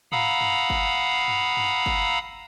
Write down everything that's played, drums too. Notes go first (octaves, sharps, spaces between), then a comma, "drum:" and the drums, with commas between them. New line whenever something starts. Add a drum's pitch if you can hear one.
F5 F#5 A#5 B5 D#6 E6, drum: tom G#2
drum: tom F#2
drum: kick G1
drum: tom F#2
drum: tom F#2
drum: kick G1